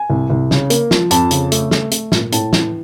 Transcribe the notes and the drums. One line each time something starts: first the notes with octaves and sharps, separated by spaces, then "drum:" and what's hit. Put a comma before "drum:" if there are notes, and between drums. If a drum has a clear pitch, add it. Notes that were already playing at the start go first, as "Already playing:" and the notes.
Already playing: G#5
C2
C2
C#3, drum: snare
A#3, drum: hi-hat
F3, drum: snare
F2 A5, drum: hi-hat
C#3, drum: hi-hat
A3, drum: hi-hat
A3, drum: snare
A3, drum: hi-hat
A#2, drum: snare
A2 A5, drum: hi-hat
E3, drum: snare